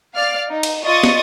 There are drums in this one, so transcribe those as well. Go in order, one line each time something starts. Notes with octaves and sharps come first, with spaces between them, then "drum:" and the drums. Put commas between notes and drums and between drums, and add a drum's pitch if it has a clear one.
D5 F5 F6
D#4
drum: cymbal
F4 D5 D#5 C#6 D#6 A6
drum: snare